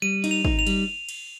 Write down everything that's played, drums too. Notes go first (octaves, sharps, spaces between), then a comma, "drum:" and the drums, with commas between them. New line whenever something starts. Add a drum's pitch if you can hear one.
G3 D#7
D#4, drum: cymbal
F7
D#4, drum: kick
F7
G3, drum: cymbal
drum: cymbal